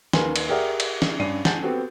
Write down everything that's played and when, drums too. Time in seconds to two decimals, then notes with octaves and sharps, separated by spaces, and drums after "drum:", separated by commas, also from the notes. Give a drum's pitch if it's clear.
0.13 D#2 A#4 B4 G#5 C6, drum: snare
0.36 drum: cymbal
0.49 G4 G#4 A#4 D5 E5 F#5
0.80 drum: cymbal
1.02 drum: snare
1.19 G2 C#4 D5 C7 D#7
1.45 F#5 G#5 A5 G6 A6, drum: snare
1.63 B3 C4 F#4 G4 A4